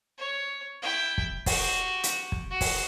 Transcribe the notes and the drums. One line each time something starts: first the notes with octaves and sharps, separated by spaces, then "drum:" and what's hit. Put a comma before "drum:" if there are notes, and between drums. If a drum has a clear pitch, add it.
C#5
E4 G5
drum: kick
F#4 G4, drum: kick, open hi-hat
drum: hi-hat
drum: kick
F#4
drum: kick, open hi-hat